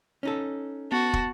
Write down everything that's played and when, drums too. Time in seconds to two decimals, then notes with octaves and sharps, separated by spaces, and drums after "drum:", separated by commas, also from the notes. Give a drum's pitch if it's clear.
0.23 C#4 D#4 A4
0.92 B3 F#4 A5
1.13 drum: kick